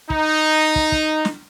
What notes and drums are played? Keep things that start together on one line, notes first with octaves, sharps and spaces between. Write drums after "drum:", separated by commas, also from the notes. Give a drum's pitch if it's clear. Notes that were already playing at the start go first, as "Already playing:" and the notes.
D#4, drum: kick
drum: kick
drum: kick
drum: snare